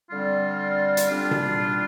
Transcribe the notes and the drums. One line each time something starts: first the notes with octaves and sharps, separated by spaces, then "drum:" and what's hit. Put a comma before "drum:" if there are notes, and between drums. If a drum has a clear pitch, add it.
D3 G3 C4 F4
drum: hi-hat
G3 D4 F4
drum: tom B2